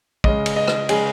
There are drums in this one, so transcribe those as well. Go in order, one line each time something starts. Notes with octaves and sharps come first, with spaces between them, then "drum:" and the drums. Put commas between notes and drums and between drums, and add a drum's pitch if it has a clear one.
C#3 G#3 C#4 D#5, drum: kick
drum: cymbal
D#5
drum: rim click
C#3 G#3 C#4 G#4, drum: cymbal